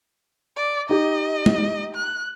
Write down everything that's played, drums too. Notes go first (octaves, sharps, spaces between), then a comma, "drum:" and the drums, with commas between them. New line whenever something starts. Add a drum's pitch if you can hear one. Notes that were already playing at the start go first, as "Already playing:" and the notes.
D5
D#4 G4 D#5
drum: tom
F#6